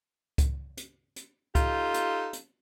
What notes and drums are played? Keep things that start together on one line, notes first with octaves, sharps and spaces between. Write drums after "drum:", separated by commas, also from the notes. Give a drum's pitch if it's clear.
drum: kick C#2, hi-hat
drum: hi-hat
drum: hi-hat
D#4 F4 G4 A4, drum: kick C#2, hi-hat
drum: hi-hat
drum: hi-hat